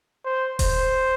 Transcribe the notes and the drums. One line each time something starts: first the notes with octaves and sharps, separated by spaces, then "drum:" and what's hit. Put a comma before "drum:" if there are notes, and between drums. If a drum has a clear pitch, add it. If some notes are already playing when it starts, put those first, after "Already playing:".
C5
C5, drum: kick E1, open hi-hat